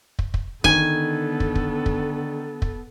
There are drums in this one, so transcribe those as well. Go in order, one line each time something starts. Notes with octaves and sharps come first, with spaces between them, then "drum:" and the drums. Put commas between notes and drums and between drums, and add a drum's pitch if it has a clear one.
drum: kick
drum: kick
D3 D#3 B3 A4 G#5, drum: kick
drum: kick
drum: kick
drum: kick
drum: kick